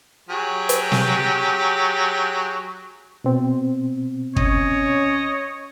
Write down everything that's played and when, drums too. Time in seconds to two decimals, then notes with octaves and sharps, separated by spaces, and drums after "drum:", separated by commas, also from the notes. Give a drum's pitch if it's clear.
0.29 F#3 G4 G#4
0.69 drum: hi-hat
0.92 drum: snare
3.24 B2 C4
4.36 C#4 C#5 D#5, drum: kick